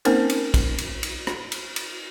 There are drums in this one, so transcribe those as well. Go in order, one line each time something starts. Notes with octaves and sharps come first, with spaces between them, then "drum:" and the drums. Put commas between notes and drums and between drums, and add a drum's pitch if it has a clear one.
A#3 C4 C#4 D#4 A#4 C5, drum: cymbal
drum: cymbal
drum: kick, cymbal
drum: cymbal
drum: cymbal
drum: rim click
drum: cymbal
drum: cymbal